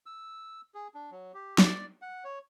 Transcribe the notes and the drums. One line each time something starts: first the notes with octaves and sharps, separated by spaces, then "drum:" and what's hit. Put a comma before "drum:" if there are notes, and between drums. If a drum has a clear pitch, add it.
E6
G#4
D4
F#3
G4
D5, drum: snare
F#5
C#5